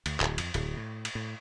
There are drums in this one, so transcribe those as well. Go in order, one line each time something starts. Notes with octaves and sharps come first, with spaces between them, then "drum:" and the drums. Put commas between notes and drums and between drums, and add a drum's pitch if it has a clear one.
D2, drum: cymbal
D1, drum: clap
F2, drum: cymbal
D1, drum: cymbal
A2
drum: cymbal
A2